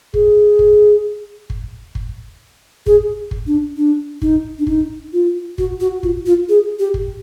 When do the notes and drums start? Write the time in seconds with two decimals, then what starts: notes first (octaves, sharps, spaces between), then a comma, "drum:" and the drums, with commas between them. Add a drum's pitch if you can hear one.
0.14 G#4, drum: kick
0.59 drum: kick
1.50 drum: kick
1.95 drum: kick
2.86 G#4, drum: kick
3.31 drum: kick
3.47 D4
3.77 D4
4.22 D#4, drum: kick
4.59 D4
4.67 D#4, drum: kick
5.13 F4
5.58 F#4, drum: kick
5.80 F#4
6.03 F4, drum: kick
6.26 F4
6.49 G#4
6.79 G4
6.94 drum: kick